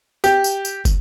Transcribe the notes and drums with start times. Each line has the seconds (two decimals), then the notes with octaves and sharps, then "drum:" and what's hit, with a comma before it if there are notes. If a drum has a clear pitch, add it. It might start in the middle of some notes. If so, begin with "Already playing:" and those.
0.24 G4, drum: tambourine
0.44 drum: tambourine
0.65 drum: tambourine
0.85 drum: kick, tambourine